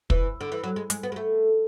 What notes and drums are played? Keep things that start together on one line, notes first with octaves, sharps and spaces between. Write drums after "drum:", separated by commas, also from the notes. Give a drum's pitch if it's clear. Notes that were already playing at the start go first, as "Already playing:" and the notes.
E3, drum: kick
D3
E3
F#3
G#3
G#3, drum: hi-hat
B3
G#3
A3